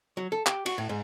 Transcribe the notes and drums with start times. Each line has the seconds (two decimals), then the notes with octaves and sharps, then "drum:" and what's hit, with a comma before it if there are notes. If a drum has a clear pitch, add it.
0.17 F#3
0.32 A4
0.47 G4, drum: clap
0.66 F#4, drum: cymbal
0.78 A2
0.89 G#2